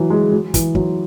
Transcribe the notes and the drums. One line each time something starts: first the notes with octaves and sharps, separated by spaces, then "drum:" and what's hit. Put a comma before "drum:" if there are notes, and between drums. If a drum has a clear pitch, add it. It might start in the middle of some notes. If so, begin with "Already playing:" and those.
Already playing: E3 F#3
G#3
F#3
E3, drum: kick, hi-hat
F#3, drum: kick